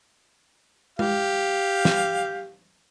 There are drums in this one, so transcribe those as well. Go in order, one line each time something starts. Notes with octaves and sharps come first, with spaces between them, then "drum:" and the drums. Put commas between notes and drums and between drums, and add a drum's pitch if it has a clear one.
G4 F5, drum: tom G#3
drum: snare